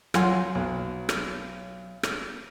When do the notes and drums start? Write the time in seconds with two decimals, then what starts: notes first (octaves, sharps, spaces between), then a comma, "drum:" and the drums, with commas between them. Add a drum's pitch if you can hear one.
0.14 F#3 F4 F#5 G#5 C6, drum: rim click
0.55 B1
1.09 drum: rim click
2.03 drum: rim click